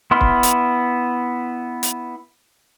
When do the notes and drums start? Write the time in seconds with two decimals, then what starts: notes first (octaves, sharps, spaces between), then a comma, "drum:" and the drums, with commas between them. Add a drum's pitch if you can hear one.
0.11 B3 E4 C6 F6
0.21 drum: kick
0.43 drum: hi-hat
1.83 drum: hi-hat